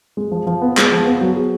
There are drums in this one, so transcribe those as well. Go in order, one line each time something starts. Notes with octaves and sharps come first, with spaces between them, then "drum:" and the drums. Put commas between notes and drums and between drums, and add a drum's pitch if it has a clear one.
G#3
F3
F3
B3
G#3, drum: clap
F3
B3
F#3
G#4